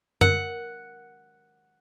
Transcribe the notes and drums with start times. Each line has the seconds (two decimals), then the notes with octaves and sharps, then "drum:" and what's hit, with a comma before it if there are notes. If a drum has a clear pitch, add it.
0.21 A#4 F#5, drum: tom F#2